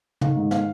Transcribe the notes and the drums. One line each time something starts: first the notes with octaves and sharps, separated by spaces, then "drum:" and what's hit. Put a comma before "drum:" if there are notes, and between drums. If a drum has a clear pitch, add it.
D#3 F5, drum: tom
G#2
D#3 F5, drum: snare